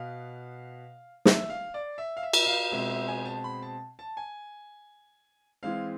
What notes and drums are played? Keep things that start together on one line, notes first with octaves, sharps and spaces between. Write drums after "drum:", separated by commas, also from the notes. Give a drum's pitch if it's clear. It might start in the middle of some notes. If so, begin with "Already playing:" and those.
Already playing: B2 B3 F5
E5, drum: snare
F5
D5
E5
F5
E5
drum: cymbal
F5
B2 G#3 C4 E5
E5
G#5
A5
B5
A5
A5
G#5
E3 G#3 C4 F5